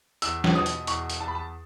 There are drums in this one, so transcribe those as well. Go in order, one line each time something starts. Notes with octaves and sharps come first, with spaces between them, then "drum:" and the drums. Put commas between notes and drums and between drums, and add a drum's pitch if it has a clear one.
E2 E6, drum: hi-hat
drum: snare
B2 D#6
drum: hi-hat
E2 C#6, drum: hi-hat
drum: hi-hat
E2 A5
B5
A5